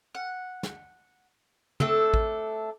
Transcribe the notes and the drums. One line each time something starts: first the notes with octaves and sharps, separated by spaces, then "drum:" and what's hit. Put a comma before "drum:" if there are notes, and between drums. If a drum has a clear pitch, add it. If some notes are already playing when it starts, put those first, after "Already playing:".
F#5
drum: snare
A3 C4 D4 A4, drum: tom
drum: kick